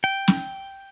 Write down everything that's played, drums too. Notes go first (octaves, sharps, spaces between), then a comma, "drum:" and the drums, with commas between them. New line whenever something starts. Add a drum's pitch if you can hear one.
G5
drum: snare